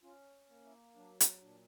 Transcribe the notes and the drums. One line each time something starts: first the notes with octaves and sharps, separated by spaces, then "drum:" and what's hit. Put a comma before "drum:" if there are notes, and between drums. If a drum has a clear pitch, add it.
C#4 F4
A#3
E4
F#3 D4
drum: hi-hat
A#2 D4